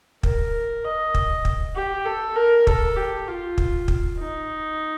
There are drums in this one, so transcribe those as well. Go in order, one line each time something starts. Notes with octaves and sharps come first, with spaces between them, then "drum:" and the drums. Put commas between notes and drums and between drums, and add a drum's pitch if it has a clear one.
A#4, drum: kick
D#5
drum: kick
drum: kick
G4
A4
A#4
A4, drum: kick
G4
F4
drum: kick
drum: kick
D#4